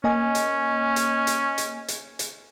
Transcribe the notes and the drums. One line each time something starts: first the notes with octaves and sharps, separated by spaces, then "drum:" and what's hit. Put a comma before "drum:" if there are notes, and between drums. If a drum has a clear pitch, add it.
A#3 C#4 D#5 G#5
drum: hi-hat
drum: hi-hat
drum: hi-hat
drum: hi-hat
drum: hi-hat
drum: hi-hat